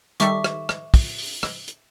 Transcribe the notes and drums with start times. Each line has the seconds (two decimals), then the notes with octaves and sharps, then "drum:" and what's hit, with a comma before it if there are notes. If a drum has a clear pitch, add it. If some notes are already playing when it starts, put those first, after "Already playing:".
0.20 D#3 G3 A4 E5 C#6 D6, drum: hi-hat
0.44 drum: rim click
0.69 drum: rim click
0.94 drum: kick, open hi-hat
1.18 drum: open hi-hat
1.43 drum: rim click
1.68 drum: hi-hat